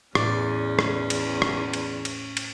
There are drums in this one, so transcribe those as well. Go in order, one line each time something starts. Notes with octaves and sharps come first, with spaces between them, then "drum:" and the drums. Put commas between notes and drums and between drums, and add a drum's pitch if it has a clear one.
E2 A2 C#4 D5 C#7, drum: rim click
drum: rim click
drum: cymbal
drum: rim click
drum: cymbal
drum: cymbal
drum: cymbal